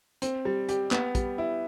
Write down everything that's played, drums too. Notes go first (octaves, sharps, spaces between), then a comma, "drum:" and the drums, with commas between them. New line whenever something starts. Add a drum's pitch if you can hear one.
C4, drum: hi-hat
G3
G4, drum: hi-hat
B3, drum: clap
G3, drum: kick, hi-hat
E4